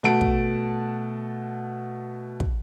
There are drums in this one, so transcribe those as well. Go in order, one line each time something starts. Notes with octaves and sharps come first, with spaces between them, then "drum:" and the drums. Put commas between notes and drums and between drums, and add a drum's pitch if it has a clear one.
B2 A3 F#5 A5 D7
drum: kick
drum: kick